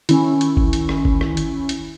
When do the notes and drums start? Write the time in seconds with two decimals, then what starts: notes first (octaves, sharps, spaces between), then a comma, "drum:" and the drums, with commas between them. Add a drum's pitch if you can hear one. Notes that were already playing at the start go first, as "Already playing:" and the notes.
0.09 D#3 C#4 E4, drum: hi-hat
0.41 drum: hi-hat
0.57 drum: kick G1
0.73 drum: hi-hat
0.89 drum: rim click
1.05 drum: kick G1
1.21 drum: rim click
1.37 drum: hi-hat
1.69 drum: hi-hat